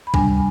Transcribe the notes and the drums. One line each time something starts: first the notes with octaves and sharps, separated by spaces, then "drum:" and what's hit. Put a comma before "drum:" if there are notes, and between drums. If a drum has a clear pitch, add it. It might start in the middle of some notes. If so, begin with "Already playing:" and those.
B5
D2 C3 G3 D4 G#5, drum: kick B1